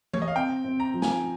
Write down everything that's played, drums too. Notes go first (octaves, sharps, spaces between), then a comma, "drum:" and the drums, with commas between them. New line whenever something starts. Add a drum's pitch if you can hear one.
C#5, drum: tom E3
D#5
F5
C4 G5
C4
A#5
F3
G#5, drum: snare